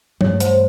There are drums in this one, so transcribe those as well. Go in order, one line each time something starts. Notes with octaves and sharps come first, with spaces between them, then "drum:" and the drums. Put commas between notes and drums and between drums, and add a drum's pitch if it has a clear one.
G2 E3 A3 C#5, drum: tom
C5, drum: hi-hat